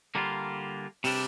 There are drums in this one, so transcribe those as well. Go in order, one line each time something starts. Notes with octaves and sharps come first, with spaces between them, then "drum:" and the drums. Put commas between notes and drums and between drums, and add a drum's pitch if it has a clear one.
D3 G3 A#3 D4 F4
C3 G3 D4, drum: open hi-hat